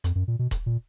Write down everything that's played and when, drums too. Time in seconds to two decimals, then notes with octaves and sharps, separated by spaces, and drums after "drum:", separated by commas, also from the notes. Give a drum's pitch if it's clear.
0.04 F2, drum: hi-hat
0.15 F#2
0.28 A#2
0.39 B2
0.51 drum: kick D#1, hi-hat
0.66 A#2